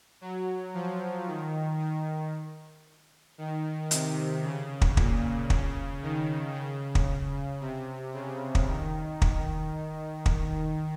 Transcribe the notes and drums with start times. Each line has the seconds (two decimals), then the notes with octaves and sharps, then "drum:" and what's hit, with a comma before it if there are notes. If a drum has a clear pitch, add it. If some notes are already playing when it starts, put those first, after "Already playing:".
0.21 F#3
0.74 F3
1.27 D#3
1.79 D#3
3.38 D#3
3.91 C3, drum: hi-hat
4.43 C#3
4.81 drum: kick
4.97 A#2, drum: kick
5.50 C#3, drum: kick
6.02 D#3
6.54 C#3
6.95 drum: kick
7.61 C3
8.14 C#3
8.55 drum: kick
8.67 D#3
9.22 drum: kick
10.26 drum: kick